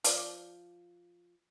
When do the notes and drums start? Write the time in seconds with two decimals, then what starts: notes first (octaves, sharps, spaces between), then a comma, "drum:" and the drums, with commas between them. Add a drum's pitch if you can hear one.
0.04 F3 D5, drum: hi-hat